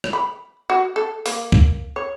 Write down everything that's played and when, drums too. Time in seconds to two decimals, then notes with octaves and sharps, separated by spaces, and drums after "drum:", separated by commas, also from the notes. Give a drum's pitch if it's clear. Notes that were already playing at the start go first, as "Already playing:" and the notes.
0.04 drum: rim click
0.13 B5
0.70 F#4
0.96 A4
1.26 A#3, drum: open hi-hat
1.52 drum: kick C#2
1.96 C#5